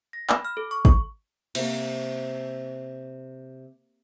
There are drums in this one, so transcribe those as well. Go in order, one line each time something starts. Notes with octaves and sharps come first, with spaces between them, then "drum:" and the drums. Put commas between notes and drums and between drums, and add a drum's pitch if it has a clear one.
A#6
B5, drum: clap
F6
A4
C#6
C#6, drum: kick
C3 A#3, drum: cymbal